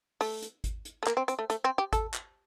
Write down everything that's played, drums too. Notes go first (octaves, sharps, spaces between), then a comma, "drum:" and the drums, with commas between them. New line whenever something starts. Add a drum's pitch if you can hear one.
A3, drum: open hi-hat
drum: hi-hat
drum: kick G#1, hi-hat
drum: hi-hat
A3
A#3, drum: clap
C4
C4, drum: hi-hat
A3
A3, drum: hi-hat
C4
G4
A4, drum: kick G#1, hi-hat
drum: clap